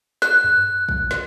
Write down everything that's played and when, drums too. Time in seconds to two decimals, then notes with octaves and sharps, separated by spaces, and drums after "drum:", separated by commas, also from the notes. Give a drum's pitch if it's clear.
0.22 F#6, drum: snare
0.44 drum: tom F#2
0.89 drum: kick
1.11 drum: snare